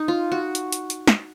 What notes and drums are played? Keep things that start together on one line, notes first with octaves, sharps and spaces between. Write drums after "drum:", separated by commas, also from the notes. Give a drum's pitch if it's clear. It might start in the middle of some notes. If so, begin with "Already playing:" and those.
Already playing: D#4
F4
F#4
drum: hi-hat
drum: hi-hat
drum: hi-hat
drum: snare